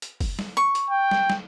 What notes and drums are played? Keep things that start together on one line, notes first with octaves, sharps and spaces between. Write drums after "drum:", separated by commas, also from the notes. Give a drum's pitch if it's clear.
drum: hi-hat
drum: kick, open hi-hat
drum: snare
C#6
drum: hi-hat
G5
drum: snare
drum: snare